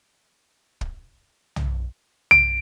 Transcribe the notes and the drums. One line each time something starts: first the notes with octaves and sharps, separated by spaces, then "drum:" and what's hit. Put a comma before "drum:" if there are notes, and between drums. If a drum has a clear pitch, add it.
drum: kick
drum: tom
D7, drum: tom